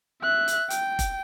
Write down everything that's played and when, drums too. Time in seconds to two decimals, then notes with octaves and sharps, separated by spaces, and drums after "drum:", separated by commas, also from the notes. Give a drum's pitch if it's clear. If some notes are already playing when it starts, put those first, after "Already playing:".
0.22 E5 F#6
0.48 drum: hi-hat
0.70 G5, drum: hi-hat
0.99 drum: kick F1, hi-hat